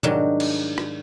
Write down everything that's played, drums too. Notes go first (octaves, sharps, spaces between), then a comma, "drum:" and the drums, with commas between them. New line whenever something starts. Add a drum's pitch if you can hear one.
G#2 D#3 F#3 G3 D4, drum: tom B2
drum: cymbal
drum: rim click